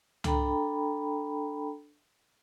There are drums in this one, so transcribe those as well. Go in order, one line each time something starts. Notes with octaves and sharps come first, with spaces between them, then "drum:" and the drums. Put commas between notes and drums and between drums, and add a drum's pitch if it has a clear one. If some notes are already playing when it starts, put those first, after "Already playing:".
D4 A4 G5 A#5 B5, drum: tom